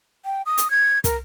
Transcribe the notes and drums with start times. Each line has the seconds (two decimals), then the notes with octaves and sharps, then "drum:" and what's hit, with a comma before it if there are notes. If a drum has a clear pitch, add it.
0.25 G5
0.46 D#6
0.58 drum: hi-hat
0.70 G#6
1.04 A#4, drum: kick, hi-hat